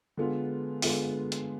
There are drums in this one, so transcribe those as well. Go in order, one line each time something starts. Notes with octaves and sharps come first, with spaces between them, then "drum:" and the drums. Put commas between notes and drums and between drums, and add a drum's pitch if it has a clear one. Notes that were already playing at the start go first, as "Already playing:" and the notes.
D3 G#3 B3 F4
D3 G#3 B3 F4, drum: open hi-hat
drum: hi-hat